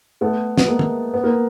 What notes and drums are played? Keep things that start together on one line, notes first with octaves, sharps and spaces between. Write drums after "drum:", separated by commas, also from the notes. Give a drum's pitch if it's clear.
A3 B3
B3, drum: snare
G#3 A#3
drum: tom
B3
A#3